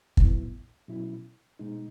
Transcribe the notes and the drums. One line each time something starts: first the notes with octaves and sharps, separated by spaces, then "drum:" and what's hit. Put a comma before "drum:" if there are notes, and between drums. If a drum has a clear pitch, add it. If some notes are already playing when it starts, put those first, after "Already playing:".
A2 F#3 B3 E4, drum: kick
B2 F#3 C#4 E4
B2 G#3 D#4